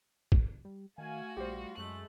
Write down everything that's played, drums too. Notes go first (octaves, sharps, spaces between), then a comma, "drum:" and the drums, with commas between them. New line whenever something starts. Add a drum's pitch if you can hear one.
drum: kick
G3
D#3 A3 F#4 F5 G#5
A#1 G3 F4 G4 C5
F#2 G#3 A3 F#6